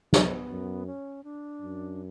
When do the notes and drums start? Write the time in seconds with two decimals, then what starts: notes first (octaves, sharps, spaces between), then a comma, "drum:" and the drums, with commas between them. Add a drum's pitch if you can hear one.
0.13 B3, drum: snare
0.50 F#2
0.87 C#4
1.24 D4
1.62 F#2